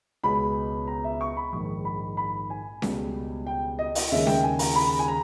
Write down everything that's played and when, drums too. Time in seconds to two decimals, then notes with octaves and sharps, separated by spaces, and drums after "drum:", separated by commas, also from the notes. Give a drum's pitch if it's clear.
0.23 C#2 B2 G#3 B3 B5
0.87 A#5
1.04 E5
1.21 C#6
1.37 B5
1.52 A#1 G#2 D#3 C#6
1.85 B5
2.17 B5
2.50 G#5
2.82 C#2 B2 G3, drum: snare C#4
3.47 G5
3.79 D#5
3.95 D#5, drum: open hi-hat
4.12 D#2 C#3 G#3 E5
4.27 G5, drum: snare C#4
4.43 G#5
4.59 A#5, drum: open hi-hat
4.75 B5
4.99 G#5
5.08 A#5